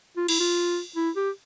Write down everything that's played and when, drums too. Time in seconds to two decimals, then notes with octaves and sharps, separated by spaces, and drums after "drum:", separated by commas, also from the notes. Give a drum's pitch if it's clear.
0.17 F4
0.28 E4, drum: cymbal
0.40 F4
0.96 E4
1.16 G4